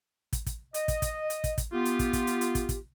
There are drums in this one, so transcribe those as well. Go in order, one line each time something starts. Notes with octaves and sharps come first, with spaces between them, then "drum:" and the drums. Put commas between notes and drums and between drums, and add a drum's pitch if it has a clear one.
drum: kick, hi-hat
drum: kick, hi-hat
D#5, drum: hi-hat
drum: kick, hi-hat
drum: kick, hi-hat
drum: hi-hat
drum: kick, hi-hat
drum: kick, hi-hat
B3 F4 G4
drum: hi-hat
drum: kick, hi-hat
drum: kick, hi-hat
drum: hi-hat
drum: hi-hat
drum: kick, hi-hat
drum: kick, hi-hat